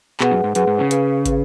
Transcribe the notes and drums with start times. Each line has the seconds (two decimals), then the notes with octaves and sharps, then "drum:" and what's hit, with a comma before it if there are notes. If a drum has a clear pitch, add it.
0.20 B2 G#4 B4 F#5, drum: clap
0.31 F#2
0.44 G#2
0.55 F#2 G#4 B4 F#5, drum: hi-hat
0.67 G#2
0.79 C#3
0.91 G#4 B4 F5, drum: hi-hat
1.26 G#4 B4 F5, drum: kick, hi-hat